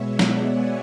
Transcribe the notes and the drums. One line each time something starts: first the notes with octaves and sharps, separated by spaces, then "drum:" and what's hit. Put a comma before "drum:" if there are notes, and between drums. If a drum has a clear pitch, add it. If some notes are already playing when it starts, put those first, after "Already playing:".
Already playing: B2 G#3 B3 C#5 E5
D5 F#5, drum: snare
G#5